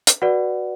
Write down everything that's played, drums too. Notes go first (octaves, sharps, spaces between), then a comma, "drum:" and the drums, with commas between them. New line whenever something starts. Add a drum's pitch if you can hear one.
drum: hi-hat
F#4 B4 D5 F#5